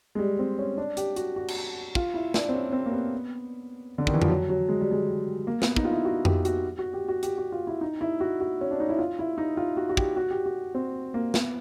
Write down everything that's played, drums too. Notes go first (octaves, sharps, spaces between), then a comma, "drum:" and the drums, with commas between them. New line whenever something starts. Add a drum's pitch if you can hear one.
G#3
G3
C4
C#4
D4
G4, drum: hi-hat
F#4, drum: hi-hat
F#4
drum: cymbal
F4, drum: kick
E4
D4, drum: snare
C4
C#4
C4
A#3
B3
D3
D#3, drum: kick
E3
F3, drum: tom F2
F#3
F#3
G#3
G3
G#3
A#3
B3, drum: snare
D#4, drum: kick
F4
E4
F#4
G4, drum: tom F2
F#4, drum: hi-hat
F#4
G4
F#4
G4, drum: hi-hat
F#4
F4
E4
D#4
E4
F#4
F#4
C#4
D4
D#4
E4
F4
E4
D#4
F4
F#4
F#4
G4, drum: kick
F#4
G4
F#4
C4
A#3
B3, drum: snare